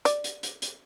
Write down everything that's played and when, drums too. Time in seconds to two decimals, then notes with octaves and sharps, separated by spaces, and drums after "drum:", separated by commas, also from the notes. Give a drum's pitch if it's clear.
0.05 D5, drum: hi-hat
0.24 drum: hi-hat
0.43 drum: hi-hat
0.62 drum: hi-hat